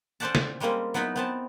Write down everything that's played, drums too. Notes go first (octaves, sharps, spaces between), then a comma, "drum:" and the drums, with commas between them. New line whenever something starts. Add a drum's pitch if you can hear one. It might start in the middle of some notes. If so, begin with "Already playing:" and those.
C#4 A4 C5 D5 F#5 A5
drum: snare
G3 G#3 A#3 C4 C#4
F#3 B3 D#4 E4
B3 C4 A5